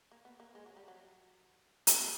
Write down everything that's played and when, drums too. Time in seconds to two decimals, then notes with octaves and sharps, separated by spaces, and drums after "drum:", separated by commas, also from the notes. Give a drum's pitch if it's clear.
0.12 A#3
0.25 B3
0.40 A#3
0.55 G#3
0.66 F#3
0.77 G3
0.88 F#3
1.87 G3, drum: hi-hat